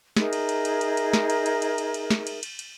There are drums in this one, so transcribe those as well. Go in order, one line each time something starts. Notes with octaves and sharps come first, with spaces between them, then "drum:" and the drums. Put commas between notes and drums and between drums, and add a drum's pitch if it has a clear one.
D#4 G#4 A#4 E5, drum: snare
drum: cymbal
drum: cymbal
drum: cymbal
drum: cymbal
drum: cymbal
drum: snare
drum: cymbal
drum: cymbal
drum: cymbal
drum: cymbal
drum: cymbal
drum: snare
drum: cymbal
drum: cymbal
drum: cymbal